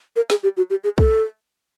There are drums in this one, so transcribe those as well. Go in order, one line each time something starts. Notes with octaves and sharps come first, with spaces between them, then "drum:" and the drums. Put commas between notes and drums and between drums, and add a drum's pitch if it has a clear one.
A#4
G#4, drum: snare
G4
F#4
G4
G#4
A4, drum: kick